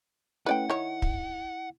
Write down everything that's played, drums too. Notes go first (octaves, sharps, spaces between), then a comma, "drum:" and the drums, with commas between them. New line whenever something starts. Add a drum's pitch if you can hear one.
A3 C#4 E4 B4 D5 F#5 G5
D#3 E4 C#5
drum: kick